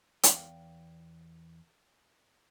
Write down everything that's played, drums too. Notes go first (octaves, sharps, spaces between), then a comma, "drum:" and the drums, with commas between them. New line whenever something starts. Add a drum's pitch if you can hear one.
E2 F5 G5, drum: hi-hat